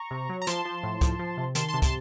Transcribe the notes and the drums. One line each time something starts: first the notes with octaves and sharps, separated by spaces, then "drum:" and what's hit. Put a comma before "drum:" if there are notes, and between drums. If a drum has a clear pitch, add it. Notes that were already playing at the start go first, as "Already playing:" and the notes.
Already playing: A#5 C#6
C3
F#3
A#5
F3 A5 C6, drum: hi-hat
F3
A2
F3, drum: kick, hi-hat
F3
C3
D#3 A5 C6, drum: hi-hat
A5 C6
C3
A5 C6, drum: kick, hi-hat